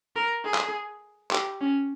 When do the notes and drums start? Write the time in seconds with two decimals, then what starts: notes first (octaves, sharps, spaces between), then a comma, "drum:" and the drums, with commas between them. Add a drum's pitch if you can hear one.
0.16 A#4
0.45 G#4
0.54 drum: clap
1.31 G4, drum: clap
1.60 C#4